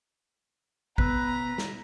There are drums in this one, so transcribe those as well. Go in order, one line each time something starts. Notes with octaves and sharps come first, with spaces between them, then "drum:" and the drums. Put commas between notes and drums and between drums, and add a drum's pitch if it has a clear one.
B2 B3 B4 A#5 E6, drum: kick A1
drum: snare